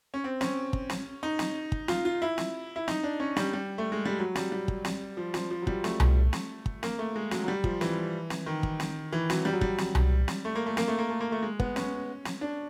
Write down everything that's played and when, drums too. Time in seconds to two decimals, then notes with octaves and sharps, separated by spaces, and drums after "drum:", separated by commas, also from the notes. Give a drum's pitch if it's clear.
0.14 C#4
0.24 C4
0.41 C#4, drum: snare
0.73 drum: kick
0.90 drum: snare
1.23 D#4
1.39 drum: snare
1.72 drum: kick
1.88 F4, drum: snare
2.05 F4
2.22 E4
2.38 drum: snare
2.76 E4
2.88 D#4, drum: snare
3.03 D4
3.20 C#4
3.37 G3, drum: snare
3.53 G3
3.78 A3
3.92 G#3
4.05 G3
4.19 F#3
4.35 G3, drum: snare
4.52 G3
4.68 drum: kick
4.85 drum: snare
5.17 F3
5.34 F3, drum: snare
5.51 F3
5.62 F#3
5.67 G3, drum: kick
5.84 A3, drum: snare
6.00 drum: tom C2
6.33 drum: snare
6.66 drum: kick
6.83 A#3, drum: snare
6.99 A3
7.16 G#3
7.31 F#3, drum: snare
7.44 F#3
7.48 G3
7.64 F3, drum: kick
7.81 E3, drum: snare
8.30 drum: snare
8.46 D#3
8.63 drum: kick
8.80 drum: snare
9.13 E3
9.30 F#3, drum: snare
9.45 G3
9.53 F#3
9.61 G3, drum: kick
9.78 drum: snare
9.95 drum: tom C2
10.28 drum: snare
10.45 A3
10.55 A#3
10.66 A3
10.77 A#3, drum: snare
10.88 A3
10.98 A#3
11.10 A3
11.20 A#3
11.32 A3
11.42 G#3
11.60 B3, drum: kick
11.76 C#4, drum: snare
12.25 drum: snare
12.41 D4